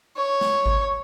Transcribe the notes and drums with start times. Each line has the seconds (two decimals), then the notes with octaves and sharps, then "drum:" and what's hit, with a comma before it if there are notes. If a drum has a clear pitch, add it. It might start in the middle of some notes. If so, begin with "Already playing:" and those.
0.16 C#5
0.41 drum: snare
0.66 drum: kick G#1